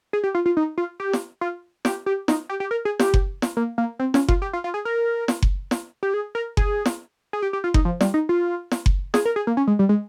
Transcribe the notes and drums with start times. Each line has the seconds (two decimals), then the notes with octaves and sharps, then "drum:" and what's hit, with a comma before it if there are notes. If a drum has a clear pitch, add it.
0.13 G#4
0.24 G4
0.35 F4
0.46 F4
0.57 D#4
0.78 F4
1.00 G4
1.13 drum: snare
1.41 F4
1.85 G4, drum: snare
2.06 G4
2.28 D#4, drum: snare
2.49 G4
2.60 G4
2.71 A#4
2.85 G#4
2.99 G4, drum: snare
3.14 drum: kick F#1
3.42 drum: snare
3.57 A#3
3.78 A#3
3.99 C4
4.14 C#4, drum: snare
4.28 F4, drum: kick F#1
4.42 G4
4.53 F4
4.64 F4
4.74 G#4
4.85 A#4
5.28 drum: snare
5.42 drum: kick F#1
5.71 drum: snare
6.03 G4
6.14 G#4
6.35 A#4
6.57 G#4, drum: kick F#1
6.86 drum: snare
7.33 G#4
7.42 G4
7.53 G4
7.64 F4
7.74 D#4, drum: kick F#1
7.85 F3
8.01 G3, drum: snare
8.14 D#4
8.29 F4
8.71 drum: snare
8.86 drum: kick F#1
9.14 G#4, drum: snare
9.25 A#4
9.36 G#4
9.47 A#3
9.57 C#4
9.67 G#3
9.79 G3
9.89 G#3